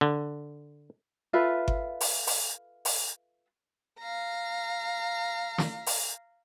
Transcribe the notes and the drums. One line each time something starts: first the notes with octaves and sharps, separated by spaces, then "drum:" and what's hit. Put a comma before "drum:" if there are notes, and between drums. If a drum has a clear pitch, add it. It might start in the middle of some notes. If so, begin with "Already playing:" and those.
D3
F4 A4 B4 E5
drum: kick G1
drum: open hi-hat
drum: open hi-hat
drum: open hi-hat
F5 A#5
drum: snare
drum: open hi-hat